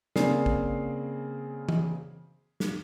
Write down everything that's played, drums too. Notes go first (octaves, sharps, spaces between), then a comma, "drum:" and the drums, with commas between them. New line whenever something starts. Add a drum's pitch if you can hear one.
C#3 A#3 C4 G#4 D5 C7, drum: snare
drum: kick
drum: tom E3
drum: snare